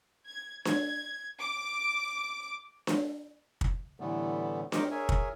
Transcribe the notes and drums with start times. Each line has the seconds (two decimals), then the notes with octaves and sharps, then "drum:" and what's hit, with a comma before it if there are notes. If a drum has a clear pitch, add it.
0.27 G#6
0.65 G#6, drum: snare D4
1.39 D6
2.87 drum: snare D4
3.61 drum: kick
4.00 A2 D3 E3 G3 A3 B3
4.72 G4 A#4 C5 D#5 C#6 D6, drum: snare D4
4.91 G#4 A#4 C#5 E5 G#5
5.09 drum: kick